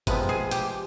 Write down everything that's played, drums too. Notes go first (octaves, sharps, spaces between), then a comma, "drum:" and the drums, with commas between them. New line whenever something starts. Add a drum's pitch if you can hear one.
C3 F3 G#3 B3 B4, drum: kick G#1, hi-hat
G#4
G4, drum: hi-hat